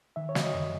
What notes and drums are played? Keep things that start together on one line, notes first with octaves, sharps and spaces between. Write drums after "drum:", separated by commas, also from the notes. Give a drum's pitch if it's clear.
D#3 E5
C#5
F#3, drum: snare
D#5
F#2 D#5